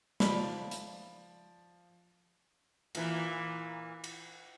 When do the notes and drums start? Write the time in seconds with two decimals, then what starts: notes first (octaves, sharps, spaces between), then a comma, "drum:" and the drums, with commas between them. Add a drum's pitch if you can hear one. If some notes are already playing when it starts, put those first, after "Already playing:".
0.20 F3 D5 B5, drum: snare
0.71 drum: hi-hat
2.95 A#2 E3, drum: cymbal
4.04 drum: cymbal